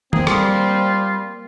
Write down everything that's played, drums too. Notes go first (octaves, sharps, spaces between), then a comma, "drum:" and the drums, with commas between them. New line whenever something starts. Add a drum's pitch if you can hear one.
A#3 C4 G#4, drum: tom
G3 F4, drum: rim click